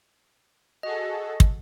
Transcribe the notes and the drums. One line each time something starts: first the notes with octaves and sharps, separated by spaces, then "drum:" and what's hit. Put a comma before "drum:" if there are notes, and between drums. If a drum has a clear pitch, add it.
F#4 G#4 A4 D#5
drum: kick